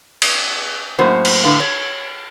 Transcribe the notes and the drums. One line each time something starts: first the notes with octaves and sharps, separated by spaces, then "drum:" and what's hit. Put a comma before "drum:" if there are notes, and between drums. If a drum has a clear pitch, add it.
drum: cymbal
F#2 A2 A#3 F#4 C5
drum: cymbal
A2 D3 B4 F5
C#5